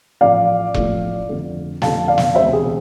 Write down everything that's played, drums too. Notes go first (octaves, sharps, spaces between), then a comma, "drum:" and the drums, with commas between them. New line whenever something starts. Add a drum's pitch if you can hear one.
A1 A2 F3 A3 D5 F5
A1 A2 F3 A3, drum: kick E1
F2 D3 A3
F2 D3 A3 F5 A5, drum: snare
D5 F5
drum: snare
E1 D2 C3 G#3 C5 E5
G#4